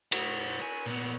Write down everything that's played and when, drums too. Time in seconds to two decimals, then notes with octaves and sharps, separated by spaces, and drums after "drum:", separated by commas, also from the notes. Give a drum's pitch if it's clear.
0.12 C5 F#5, drum: cymbal
0.62 G#5
0.86 A#2 B3